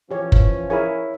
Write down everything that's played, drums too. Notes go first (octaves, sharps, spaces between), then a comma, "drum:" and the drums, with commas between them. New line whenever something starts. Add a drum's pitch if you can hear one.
E3 F3 C#4 G4 C#5
drum: kick
E4 G#4 A#4 C#5 G#5